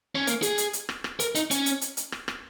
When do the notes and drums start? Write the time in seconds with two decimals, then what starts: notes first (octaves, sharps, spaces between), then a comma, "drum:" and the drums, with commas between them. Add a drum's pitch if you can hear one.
0.15 C#4
0.27 A#3, drum: hi-hat
0.42 G#4, drum: hi-hat
0.58 drum: hi-hat
0.73 drum: hi-hat
0.89 drum: rim click
1.04 drum: rim click
1.20 A#4, drum: hi-hat
1.35 D#4, drum: hi-hat
1.51 C#4, drum: hi-hat
1.66 drum: hi-hat
1.81 drum: hi-hat
1.97 drum: hi-hat
2.12 drum: rim click
2.28 drum: rim click